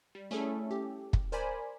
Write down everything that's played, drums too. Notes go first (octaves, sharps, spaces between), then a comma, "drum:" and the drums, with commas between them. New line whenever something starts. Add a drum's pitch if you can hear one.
G3
A3 C#4 E4 G#4 A4
G4
drum: kick
A#4 C5 D5 G#5 B5